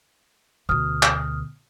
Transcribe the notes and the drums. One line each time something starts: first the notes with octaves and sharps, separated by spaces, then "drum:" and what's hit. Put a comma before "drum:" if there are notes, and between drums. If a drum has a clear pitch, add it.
D2 B2 D#6 F6
drum: clap